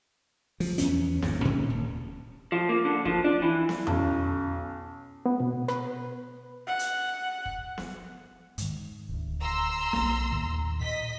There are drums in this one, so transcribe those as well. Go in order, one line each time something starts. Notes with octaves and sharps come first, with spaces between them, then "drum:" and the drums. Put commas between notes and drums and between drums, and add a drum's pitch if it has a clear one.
F3, drum: open hi-hat
E2 B3 C#4, drum: hi-hat
G#1 D#2 G#2, drum: snare B3
A2 C#4
D#1
F3
A#3
D3
F3, drum: kick
D4
E3
drum: snare B3
B1 C#4, drum: tom F2
B3
B2
B4, drum: rim click
F#5
drum: hi-hat
drum: kick
drum: snare B3
G#2 D#3, drum: hi-hat
D1 D2
A#5 C6 E6
B1 A#3, drum: snare B3
D#2 A2 D#3
A#2 D#5 B6